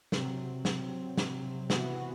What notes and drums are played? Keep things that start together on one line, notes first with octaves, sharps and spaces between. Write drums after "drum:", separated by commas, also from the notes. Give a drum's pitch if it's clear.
C3 F#3 C4, drum: snare
drum: snare
drum: snare
C3 E3 B3 F#4, drum: snare